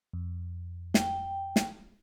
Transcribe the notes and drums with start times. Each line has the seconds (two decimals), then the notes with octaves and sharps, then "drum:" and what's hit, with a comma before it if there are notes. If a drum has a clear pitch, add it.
0.13 F2
0.94 G5, drum: snare
1.56 drum: snare